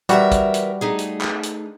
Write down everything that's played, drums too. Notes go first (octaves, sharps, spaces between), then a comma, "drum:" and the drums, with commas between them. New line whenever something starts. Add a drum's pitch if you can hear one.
E3 G3 F#4 A#4 E5, drum: hi-hat
drum: kick, hi-hat
drum: hi-hat
A3 D#4 G#4
drum: hi-hat
drum: clap
drum: hi-hat